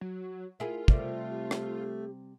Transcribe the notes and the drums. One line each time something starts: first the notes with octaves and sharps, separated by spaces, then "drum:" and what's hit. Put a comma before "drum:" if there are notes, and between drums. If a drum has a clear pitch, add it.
F#3 F#4
E4 F4 G#4 A#4
C3 G3 A3, drum: kick
G4
drum: rim click